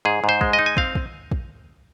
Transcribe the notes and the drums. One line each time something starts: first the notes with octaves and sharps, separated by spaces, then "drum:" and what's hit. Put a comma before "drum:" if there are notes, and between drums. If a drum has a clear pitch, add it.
G#2 G#4
G#2
C5
G#3, drum: kick
D#5
D#4
G#5
C4 F5, drum: kick
drum: kick
drum: kick